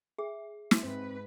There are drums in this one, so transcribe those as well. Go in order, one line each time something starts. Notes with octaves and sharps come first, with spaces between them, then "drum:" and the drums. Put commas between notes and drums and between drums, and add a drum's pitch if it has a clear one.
G#4 E5
drum: snare
G#2 C4 B4